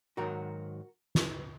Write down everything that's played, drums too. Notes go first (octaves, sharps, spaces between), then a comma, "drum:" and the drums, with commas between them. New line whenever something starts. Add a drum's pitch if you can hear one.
G#2 D#3 F#3 F#4 A#4
drum: snare